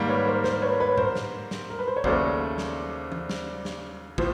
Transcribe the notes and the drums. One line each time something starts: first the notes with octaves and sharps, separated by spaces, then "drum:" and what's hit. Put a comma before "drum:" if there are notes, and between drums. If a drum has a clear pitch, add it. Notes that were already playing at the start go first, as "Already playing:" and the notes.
Already playing: G#2 D#3 G3 A#3
B4 C#5
A#4 C5
A#4 C5, drum: snare
B4 C#5
B4 C#5
A#4 C5, drum: tom A2
drum: snare
drum: snare
A#4
B4
C5
C#5
D#2 C#3 F#3 A3 C5 D5, drum: kick
drum: snare
drum: tom E3
drum: snare
drum: snare
A2 F3 C5, drum: kick